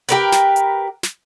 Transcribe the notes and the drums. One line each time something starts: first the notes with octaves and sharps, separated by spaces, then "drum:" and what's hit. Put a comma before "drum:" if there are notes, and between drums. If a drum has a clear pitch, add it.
G4 A#4 B4, drum: hi-hat
drum: snare
drum: hi-hat
drum: snare